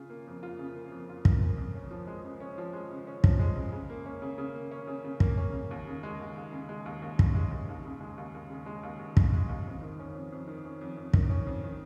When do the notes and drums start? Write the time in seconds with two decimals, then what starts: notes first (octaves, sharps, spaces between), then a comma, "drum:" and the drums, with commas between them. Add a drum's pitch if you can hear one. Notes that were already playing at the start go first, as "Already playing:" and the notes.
Already playing: C#3 F4
0.10 A#3
0.27 F2
0.43 F4
0.59 C#3
0.76 A#3
0.92 F2
1.09 F4
1.25 C#3, drum: kick
1.42 A#3
1.58 F2
1.75 C#4
1.91 F3
2.07 G#3
2.25 C#3
2.40 C#4
2.58 F3
2.73 G#3
2.90 C#3
3.07 C#4
3.24 F3, drum: kick
3.39 G#3
3.56 C#3
3.72 C#3
3.90 A#3
4.06 C#4
4.22 C#3
4.38 C#3
4.55 A#3
4.71 C#4
4.87 C#3
5.05 C#3
5.20 A#3, drum: kick
5.37 C#4
5.53 C#3
5.71 D#2
5.87 C#3
6.03 G#3
6.19 D#2
6.36 D#2
6.53 C#3
6.69 G#3
6.86 D#2
7.02 D#2
7.19 C#3, drum: kick
7.35 G#3
7.51 D#2
7.69 D#2
7.85 C#3
8.01 G#3
8.18 D#2
8.34 D#2
8.50 C#3
8.66 G#3
8.83 D#2
8.99 D#2
9.17 C#3, drum: kick
9.33 G#3
9.49 D#2
9.66 F2
9.82 D#3
9.99 C#4
10.15 F2
10.32 F2
10.48 D#3
10.65 C#4
10.81 F2
10.97 F2
11.13 D#3, drum: kick
11.30 C#4
11.47 F2
11.64 D#3